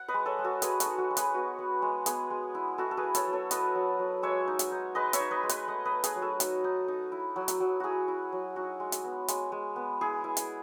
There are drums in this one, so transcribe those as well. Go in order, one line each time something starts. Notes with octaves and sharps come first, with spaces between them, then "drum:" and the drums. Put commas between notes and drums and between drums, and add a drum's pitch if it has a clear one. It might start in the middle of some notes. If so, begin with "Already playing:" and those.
Already playing: F#5
B4 D#5
G#3
A4 C#5
G#3
F#4 A4
G#3 G#4 B4, drum: hi-hat
F#4 A4, drum: hi-hat
D#4
F#4 A4
G#3
G#4 B4, drum: hi-hat
B3 F#4
B3
G#3
B3 G#4, drum: hi-hat
G#3
E4
E4 F#4 A4
A4
G#4 B4
E4
A4 C#5, drum: hi-hat
F#3
A4 C#5
E4 B4 D#5, drum: hi-hat
F#3
F#3
G#3 C#5 E5
D#4
drum: hi-hat
D#4
G#3 B4 D#5
C#5 E5, drum: hi-hat
D#4
B4 D#5
G#3
B4 D#5, drum: hi-hat
A3 D#5 F#5
B4 D#5
A3
G#4 B4, drum: hi-hat
F#3
F#4 A4
D#4, drum: hi-hat
D#4
D#4
E4
F#3
drum: hi-hat
F#3
E4 F#4 G#4
E4
F#3
D#4 F#4
G#3
drum: hi-hat
B3
G#3, drum: hi-hat
G#3
B3
E4 G#4
E4
drum: hi-hat